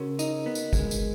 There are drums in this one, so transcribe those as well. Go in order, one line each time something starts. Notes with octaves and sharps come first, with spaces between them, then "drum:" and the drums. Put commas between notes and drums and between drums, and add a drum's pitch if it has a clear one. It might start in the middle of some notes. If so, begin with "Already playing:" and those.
Already playing: C#3 F#4 A#4
D#4, drum: tambourine
B3
drum: tambourine
G#3, drum: kick, tambourine
drum: tambourine